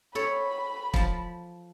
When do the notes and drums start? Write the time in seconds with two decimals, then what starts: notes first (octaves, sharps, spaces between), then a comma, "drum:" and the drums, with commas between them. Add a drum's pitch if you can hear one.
0.15 A4 C#5 B5
0.94 F3 A5, drum: kick E1